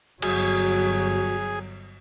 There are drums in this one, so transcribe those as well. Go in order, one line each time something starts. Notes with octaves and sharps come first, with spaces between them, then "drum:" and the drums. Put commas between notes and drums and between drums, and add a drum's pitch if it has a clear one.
G1 F#3 F#4 G#4, drum: cymbal